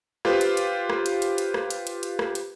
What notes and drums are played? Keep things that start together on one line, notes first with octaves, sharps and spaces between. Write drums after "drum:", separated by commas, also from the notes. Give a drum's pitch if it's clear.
F4 G4 B4 C5, drum: rim click
drum: hi-hat
drum: hi-hat
drum: rim click
drum: hi-hat
drum: hi-hat
drum: hi-hat
drum: rim click
drum: hi-hat
drum: hi-hat
drum: hi-hat
drum: rim click
drum: hi-hat